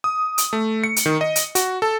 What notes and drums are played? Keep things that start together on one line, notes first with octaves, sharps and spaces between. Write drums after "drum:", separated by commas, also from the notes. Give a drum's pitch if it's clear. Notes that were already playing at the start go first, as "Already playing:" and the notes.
D#6
drum: hi-hat
A3
C#7
drum: hi-hat
D#3
D#5
drum: hi-hat
F#4, drum: hi-hat
A4